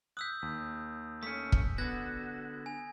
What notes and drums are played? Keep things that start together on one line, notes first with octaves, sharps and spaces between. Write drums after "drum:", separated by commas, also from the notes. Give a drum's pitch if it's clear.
D#6 E6 F#6 G6 B6
D#2
A3 C#4 B6
drum: kick
D3 B3 F#4 G#6 A#6
G#5